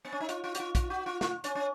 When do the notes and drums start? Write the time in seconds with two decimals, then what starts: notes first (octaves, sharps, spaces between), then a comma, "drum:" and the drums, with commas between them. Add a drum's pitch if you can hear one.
0.05 B3
0.13 C#4
0.20 D#4
0.29 F4, drum: hi-hat
0.44 F4
0.55 F#4, drum: hi-hat
0.60 F4
0.75 F4, drum: kick, hi-hat
0.90 F#4
1.06 F4
1.21 F4, drum: snare
1.44 C#4, drum: hi-hat
1.55 C#4